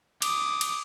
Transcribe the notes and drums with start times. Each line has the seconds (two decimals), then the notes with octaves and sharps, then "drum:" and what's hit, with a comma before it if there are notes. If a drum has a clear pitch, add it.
0.22 D6 D#6, drum: cymbal
0.61 drum: cymbal